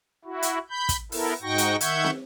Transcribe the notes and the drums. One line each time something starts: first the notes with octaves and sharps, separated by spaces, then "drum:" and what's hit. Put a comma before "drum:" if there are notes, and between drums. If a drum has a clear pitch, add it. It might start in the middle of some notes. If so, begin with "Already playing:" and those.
E4 F#4
drum: hi-hat
B5 G6
drum: kick, hi-hat
B3 E4 A4 A#4, drum: open hi-hat
G#2 D#4 F#4 G5 C#6 A#6
drum: hi-hat
D#3 E5 F#5 C#6 G6 G#6, drum: hi-hat
drum: snare